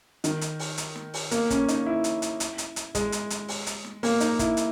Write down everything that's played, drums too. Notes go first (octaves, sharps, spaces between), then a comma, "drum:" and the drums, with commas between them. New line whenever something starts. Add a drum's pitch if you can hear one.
D#3, drum: hi-hat
drum: hi-hat
drum: open hi-hat
drum: hi-hat
drum: snare
drum: open hi-hat
A#3, drum: hi-hat
C#4, drum: kick, hi-hat
D#4, drum: hi-hat
E4
drum: hi-hat
drum: hi-hat
drum: hi-hat
drum: hi-hat
drum: hi-hat
G#3, drum: kick, hi-hat
drum: hi-hat
drum: hi-hat
drum: open hi-hat
drum: hi-hat
drum: snare
A#3, drum: open hi-hat
D#4, drum: hi-hat
E4, drum: kick, hi-hat
drum: hi-hat